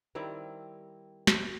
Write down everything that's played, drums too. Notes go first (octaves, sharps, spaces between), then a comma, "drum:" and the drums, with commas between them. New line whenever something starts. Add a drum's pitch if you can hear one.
D#3 G3 C4 E4
drum: snare